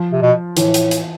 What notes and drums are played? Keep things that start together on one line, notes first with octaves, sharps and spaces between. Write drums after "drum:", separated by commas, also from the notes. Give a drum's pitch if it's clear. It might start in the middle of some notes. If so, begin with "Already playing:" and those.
Already playing: F3
C3
B2
A2 E3, drum: hi-hat
drum: hi-hat
drum: hi-hat